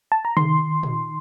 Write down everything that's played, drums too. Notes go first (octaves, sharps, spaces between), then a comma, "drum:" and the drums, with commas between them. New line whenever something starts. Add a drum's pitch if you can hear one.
A5
A#5
D#3 C6, drum: tom C3
drum: tom A#2